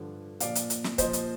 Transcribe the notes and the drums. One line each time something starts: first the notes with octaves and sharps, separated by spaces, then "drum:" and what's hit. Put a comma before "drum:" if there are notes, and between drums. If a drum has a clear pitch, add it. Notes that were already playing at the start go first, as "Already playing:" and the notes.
Already playing: G2 D3 F3
A#2 F3 D5 F5, drum: hi-hat
drum: hi-hat
drum: hi-hat
drum: snare
A#2 F3 C5 D#5, drum: kick, hi-hat
drum: hi-hat